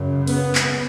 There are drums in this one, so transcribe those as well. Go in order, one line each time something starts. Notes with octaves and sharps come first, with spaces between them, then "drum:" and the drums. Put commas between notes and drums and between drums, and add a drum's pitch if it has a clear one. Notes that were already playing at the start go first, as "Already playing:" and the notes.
Already playing: F#2 C#3
B3, drum: open hi-hat
drum: clap